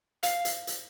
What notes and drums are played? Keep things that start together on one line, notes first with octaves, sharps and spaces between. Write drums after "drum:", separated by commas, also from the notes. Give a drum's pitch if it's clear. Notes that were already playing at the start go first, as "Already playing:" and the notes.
F5, drum: hi-hat
drum: hi-hat
drum: hi-hat